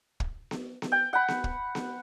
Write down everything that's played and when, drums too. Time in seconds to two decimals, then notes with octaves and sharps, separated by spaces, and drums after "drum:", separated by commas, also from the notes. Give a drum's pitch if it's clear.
0.20 drum: kick
0.51 drum: snare B3
0.82 drum: snare B3
0.92 G5
1.13 F#5 B5
1.28 drum: snare B3
1.44 drum: kick
1.75 drum: snare B3